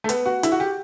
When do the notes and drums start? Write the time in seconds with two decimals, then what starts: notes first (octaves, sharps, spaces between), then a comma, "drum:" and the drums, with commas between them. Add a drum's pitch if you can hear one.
0.04 A3
0.09 B3, drum: hi-hat
0.26 F#4
0.43 E4, drum: hi-hat
0.52 F#4
0.60 G4